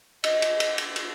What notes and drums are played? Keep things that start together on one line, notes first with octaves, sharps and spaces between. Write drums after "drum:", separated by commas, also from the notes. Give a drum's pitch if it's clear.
D#5, drum: cymbal
drum: cymbal
drum: cymbal
drum: cymbal
drum: cymbal